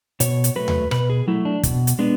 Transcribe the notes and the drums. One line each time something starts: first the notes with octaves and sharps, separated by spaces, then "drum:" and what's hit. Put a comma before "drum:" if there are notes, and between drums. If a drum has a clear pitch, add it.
B2 C#5, drum: hi-hat
drum: hi-hat
F#3 A3 B4
drum: tom D#2
B2 B4, drum: rim click
G#4
F#3 A3 E4
D4
B2, drum: kick, hi-hat
drum: hi-hat
G#3 B3 D4